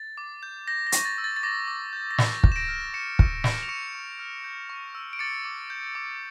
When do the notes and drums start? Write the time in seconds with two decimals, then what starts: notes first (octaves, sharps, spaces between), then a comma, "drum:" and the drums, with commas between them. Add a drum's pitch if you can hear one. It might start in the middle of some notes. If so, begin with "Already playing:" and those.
Already playing: A6
0.17 D6
0.43 G6
0.68 G6 A#6
0.87 A#6
0.92 C#6, drum: hi-hat
1.05 A6
1.18 E6
1.24 A6
1.36 A6
1.43 D6 A#6
1.68 D6
1.93 G6
2.11 A#6
2.18 D6 A6, drum: snare
2.44 D6, drum: kick
2.52 E7
2.56 A#6 D7
2.69 F6
2.94 C#6 C#7 E7
3.19 C#6, drum: kick
3.44 G6 A#6 D7, drum: snare
3.63 F7
3.68 C#6 C#7 E7
3.94 C#6
4.19 F6
4.44 G6
4.69 C#6
4.95 E6
5.13 D7
5.19 D6 A6 C#7
5.45 D6
5.70 G6
5.95 D6